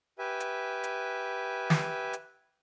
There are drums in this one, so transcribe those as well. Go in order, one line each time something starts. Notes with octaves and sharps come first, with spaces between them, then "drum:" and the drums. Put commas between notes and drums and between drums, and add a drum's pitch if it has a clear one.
G4 B4 E5 G#5
drum: hi-hat
drum: hi-hat
drum: snare
drum: hi-hat